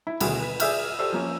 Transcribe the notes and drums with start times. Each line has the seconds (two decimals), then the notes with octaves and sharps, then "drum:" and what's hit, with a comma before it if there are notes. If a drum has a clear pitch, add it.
0.07 E4
0.20 D#1 D2 B2 E4 G#4, drum: cymbal
0.42 B4
0.60 G#4 D5 E5 E6 F6 G6, drum: cymbal
0.99 G4 A4 C5 D5 E6
1.12 F3 A#3 C#4